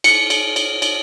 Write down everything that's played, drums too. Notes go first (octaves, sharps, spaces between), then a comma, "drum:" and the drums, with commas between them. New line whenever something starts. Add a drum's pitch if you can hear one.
C#7, drum: cymbal
drum: cymbal
drum: cymbal
drum: cymbal